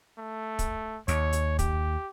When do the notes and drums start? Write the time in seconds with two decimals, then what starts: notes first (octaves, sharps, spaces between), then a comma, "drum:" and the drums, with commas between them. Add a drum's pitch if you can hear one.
0.18 A3
0.59 drum: kick, hi-hat
1.08 D#2 C#5, drum: hi-hat
1.33 drum: hi-hat
1.59 G4, drum: kick, hi-hat